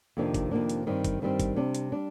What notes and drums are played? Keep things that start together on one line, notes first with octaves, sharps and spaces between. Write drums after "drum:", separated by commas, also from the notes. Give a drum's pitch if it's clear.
F2 C3 D#3 A#3 D4
drum: kick, hi-hat
F2 C3 D#3 A#3 D4
drum: hi-hat
G2 D#3 G3 C4
drum: kick, hi-hat
G2 D#3 G3 C4
drum: kick, hi-hat
C3 G3 D4
drum: hi-hat
G3 D4